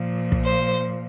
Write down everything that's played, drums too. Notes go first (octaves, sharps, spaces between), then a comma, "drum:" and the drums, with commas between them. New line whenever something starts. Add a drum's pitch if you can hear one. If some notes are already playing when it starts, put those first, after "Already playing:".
Already playing: A#2 F3
drum: kick
C5